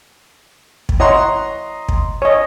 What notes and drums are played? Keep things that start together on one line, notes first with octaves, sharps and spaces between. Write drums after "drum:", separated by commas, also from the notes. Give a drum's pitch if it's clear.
drum: kick
E4 C#5 D#5 F#5 A#5 C6
drum: kick
C#5 D#5